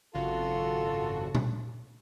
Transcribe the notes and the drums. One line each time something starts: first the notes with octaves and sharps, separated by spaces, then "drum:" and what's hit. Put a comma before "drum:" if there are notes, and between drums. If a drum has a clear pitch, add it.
G#1 F#2 C#3 F4 F#4 A4
drum: tom A#2